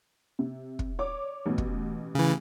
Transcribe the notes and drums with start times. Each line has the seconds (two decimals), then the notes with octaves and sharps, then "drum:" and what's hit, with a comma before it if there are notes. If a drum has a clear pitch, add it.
0.39 C3
0.79 drum: kick
0.99 C#5 D5 D6
1.46 A1 B2
1.58 drum: kick
2.15 C#3 E3